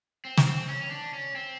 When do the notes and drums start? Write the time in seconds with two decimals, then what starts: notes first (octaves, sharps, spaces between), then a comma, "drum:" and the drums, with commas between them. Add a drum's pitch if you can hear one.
0.25 C4
0.37 drum: snare
0.47 C4
0.69 C#4
0.82 C#4
0.90 D4
1.14 C#4
1.35 C4